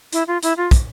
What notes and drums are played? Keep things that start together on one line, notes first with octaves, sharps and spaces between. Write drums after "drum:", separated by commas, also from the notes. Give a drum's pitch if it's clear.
E4, drum: hi-hat
F4
E4, drum: hi-hat
F4
drum: kick, hi-hat